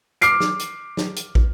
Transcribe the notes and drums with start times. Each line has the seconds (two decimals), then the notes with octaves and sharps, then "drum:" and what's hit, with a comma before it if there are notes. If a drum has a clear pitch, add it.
0.21 D6 F6 C7 D7, drum: hi-hat
0.40 drum: snare
0.59 drum: hi-hat
0.97 drum: snare
1.16 drum: hi-hat
1.35 drum: kick